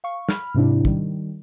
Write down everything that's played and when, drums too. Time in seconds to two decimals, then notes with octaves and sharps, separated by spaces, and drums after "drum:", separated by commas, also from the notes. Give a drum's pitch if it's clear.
0.04 F5 C#6
0.29 B5 F6, drum: snare
0.54 G#2 C3 D4 E4
0.85 D#3 G3, drum: kick